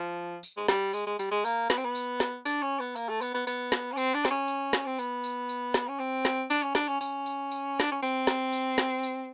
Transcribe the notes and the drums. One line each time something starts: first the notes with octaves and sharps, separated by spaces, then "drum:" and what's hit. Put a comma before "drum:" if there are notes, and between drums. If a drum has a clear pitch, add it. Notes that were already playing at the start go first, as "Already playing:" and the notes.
Already playing: F3
drum: tambourine
G#3
G3, drum: snare
G#3, drum: tambourine
G#3
G3, drum: tambourine
G#3
A#3, drum: tambourine
B3, drum: snare
C4
B3
drum: tambourine
drum: snare
D4, drum: tambourine
C#4
B3
A#3, drum: tambourine
A3
B3, drum: tambourine
B3
B3, drum: tambourine
drum: snare
C#4
C4, drum: tambourine
D4
C4, drum: snare
C#4
drum: tambourine
drum: snare
C4
B3, drum: tambourine
drum: tambourine
drum: tambourine
drum: snare
C#4
C4
drum: snare
D4, drum: tambourine
C#4
D4, drum: snare
C#4
C#4, drum: tambourine
drum: tambourine
drum: tambourine
D4, drum: snare
C#4
C4, drum: tambourine
drum: snare
drum: tambourine
drum: snare
drum: tambourine